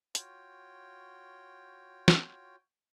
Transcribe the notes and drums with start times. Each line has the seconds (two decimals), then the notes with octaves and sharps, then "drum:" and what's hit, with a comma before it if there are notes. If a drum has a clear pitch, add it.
0.15 F4 F#4 C#5 G5, drum: hi-hat
2.08 drum: snare